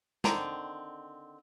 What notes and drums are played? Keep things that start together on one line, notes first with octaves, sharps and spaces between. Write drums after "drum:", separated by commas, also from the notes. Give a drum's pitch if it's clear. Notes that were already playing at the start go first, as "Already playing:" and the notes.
D3 D#3 C4 A#5, drum: snare